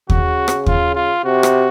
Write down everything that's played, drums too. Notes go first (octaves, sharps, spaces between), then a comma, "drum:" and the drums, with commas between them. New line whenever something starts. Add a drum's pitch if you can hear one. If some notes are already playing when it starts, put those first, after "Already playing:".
C#3 F#4, drum: kick
drum: rim click
F4, drum: kick
F4
C3 F#4
drum: rim click